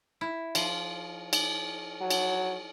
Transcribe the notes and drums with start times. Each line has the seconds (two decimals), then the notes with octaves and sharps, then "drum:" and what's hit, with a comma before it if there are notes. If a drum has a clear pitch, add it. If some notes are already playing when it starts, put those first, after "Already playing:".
0.21 E4
0.55 F3, drum: cymbal
1.33 drum: cymbal
2.01 F#3
2.11 drum: cymbal